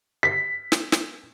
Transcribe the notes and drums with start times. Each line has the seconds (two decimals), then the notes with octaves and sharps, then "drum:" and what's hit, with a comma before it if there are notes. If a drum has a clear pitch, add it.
0.23 B6
0.72 drum: snare
0.92 drum: snare